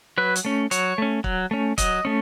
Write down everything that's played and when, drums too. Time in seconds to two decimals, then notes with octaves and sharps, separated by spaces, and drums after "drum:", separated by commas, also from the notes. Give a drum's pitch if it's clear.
0.18 F#3 B4
0.36 drum: hi-hat
0.45 A3 C#4
0.71 F#3 C#5, drum: hi-hat
0.98 A3 C#4
1.24 F#3, drum: kick
1.51 A3 C#4
1.78 F#3 D#5, drum: kick, hi-hat
2.05 A3 C#4